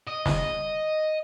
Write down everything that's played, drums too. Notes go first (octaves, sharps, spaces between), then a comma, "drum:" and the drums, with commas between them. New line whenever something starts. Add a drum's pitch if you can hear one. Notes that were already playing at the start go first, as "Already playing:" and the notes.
D#5
drum: snare